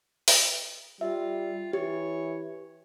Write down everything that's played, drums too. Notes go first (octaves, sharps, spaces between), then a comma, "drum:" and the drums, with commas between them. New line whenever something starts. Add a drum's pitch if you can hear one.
drum: open hi-hat
G3 F4 E5
E3 G4 C#5